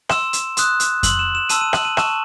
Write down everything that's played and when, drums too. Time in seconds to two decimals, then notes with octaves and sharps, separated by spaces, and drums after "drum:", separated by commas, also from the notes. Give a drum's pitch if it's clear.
0.09 C6 E6 E7, drum: rim click
0.33 drum: hi-hat
0.57 C6 D#6 F#6, drum: hi-hat
0.80 drum: hi-hat
1.03 C6 E6 F#7, drum: kick F2, hi-hat
1.19 E7
1.35 E7
1.49 A5 C6 E6 D#7, drum: hi-hat
1.61 D#7
1.73 F#7, drum: rim click
1.85 D#7
1.97 A5 C#6 E6 E7, drum: rim click